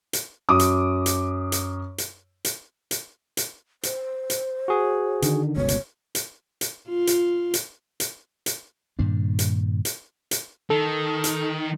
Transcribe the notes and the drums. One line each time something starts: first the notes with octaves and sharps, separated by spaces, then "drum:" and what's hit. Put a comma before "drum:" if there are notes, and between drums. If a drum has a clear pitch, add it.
drum: hi-hat
F#2 D6 D#6
drum: hi-hat
drum: hi-hat
drum: hi-hat
drum: hi-hat
drum: hi-hat
drum: hi-hat
drum: hi-hat
C5, drum: hi-hat
drum: hi-hat
F#4 G#4
D3 D#3, drum: hi-hat
G1 C#2 B2 C#5
drum: hi-hat
drum: hi-hat
drum: hi-hat
F4
drum: hi-hat
drum: hi-hat
drum: hi-hat
drum: hi-hat
G2 A#2 D#3 D4
drum: hi-hat
drum: hi-hat
drum: hi-hat
D#3 A4
drum: hi-hat